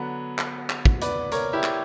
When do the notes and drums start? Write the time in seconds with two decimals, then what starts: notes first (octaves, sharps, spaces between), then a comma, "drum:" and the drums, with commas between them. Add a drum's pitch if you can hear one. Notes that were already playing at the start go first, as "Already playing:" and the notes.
Already playing: D3 F#3 B3
0.39 drum: clap
0.70 drum: clap
0.85 drum: kick
1.02 B4 D5, drum: hi-hat
1.32 A#4 C#5, drum: hi-hat
1.53 E4 G4
1.64 drum: clap